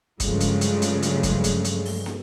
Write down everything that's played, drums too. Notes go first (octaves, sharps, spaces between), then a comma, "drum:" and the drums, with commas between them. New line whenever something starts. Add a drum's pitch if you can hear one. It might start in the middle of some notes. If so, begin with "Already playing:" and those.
G2 C#3 F3 F#3 G#3 A3, drum: kick, hi-hat
drum: hi-hat
drum: hi-hat
drum: hi-hat
drum: hi-hat
drum: kick, hi-hat
drum: hi-hat
drum: hi-hat
drum: open hi-hat
drum: snare